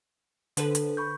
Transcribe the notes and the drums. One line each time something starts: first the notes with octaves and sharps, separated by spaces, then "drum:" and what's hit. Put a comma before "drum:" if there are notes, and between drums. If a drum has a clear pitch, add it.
D3 D4 A4 B4 C5, drum: hi-hat
drum: hi-hat
B5 C#6 G6